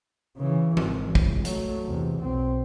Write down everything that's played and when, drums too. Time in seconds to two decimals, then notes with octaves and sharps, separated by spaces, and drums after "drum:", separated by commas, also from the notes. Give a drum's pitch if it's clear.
0.38 C#3 E3
0.77 G#1, drum: tom E3
1.15 C#2, drum: kick
1.45 F#3 A3, drum: hi-hat
1.85 E2 C3
2.21 B1 C4